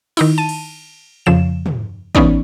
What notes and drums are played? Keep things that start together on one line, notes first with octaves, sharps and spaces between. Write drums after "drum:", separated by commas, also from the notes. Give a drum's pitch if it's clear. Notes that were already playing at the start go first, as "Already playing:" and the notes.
D#3 D#4 E4, drum: cymbal
A5 D#7
drum: cymbal
F2 C#3 F3 E7
drum: tom
E3 B3 C#4 D#4 D5, drum: kick